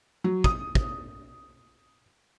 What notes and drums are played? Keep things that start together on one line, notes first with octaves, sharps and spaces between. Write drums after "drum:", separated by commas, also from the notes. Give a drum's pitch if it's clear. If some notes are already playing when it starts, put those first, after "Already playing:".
F#3
D#6, drum: kick
drum: kick